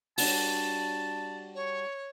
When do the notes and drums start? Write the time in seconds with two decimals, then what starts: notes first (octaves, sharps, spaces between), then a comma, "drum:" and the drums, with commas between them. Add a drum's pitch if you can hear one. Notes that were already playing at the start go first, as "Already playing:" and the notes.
0.18 G3 D4 F#4 A5, drum: open hi-hat
1.55 C#5